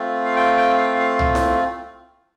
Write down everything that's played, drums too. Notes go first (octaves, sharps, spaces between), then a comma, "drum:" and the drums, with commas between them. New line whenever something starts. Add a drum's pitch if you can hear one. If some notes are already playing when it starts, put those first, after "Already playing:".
Already playing: A3 C4 F4
F5
G5
G5
F5
F5
drum: tom C2
drum: snare E4